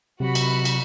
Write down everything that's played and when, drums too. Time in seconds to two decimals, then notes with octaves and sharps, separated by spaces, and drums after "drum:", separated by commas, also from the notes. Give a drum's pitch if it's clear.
0.20 C3 F#3 F#4 B5
0.35 drum: cymbal
0.65 drum: cymbal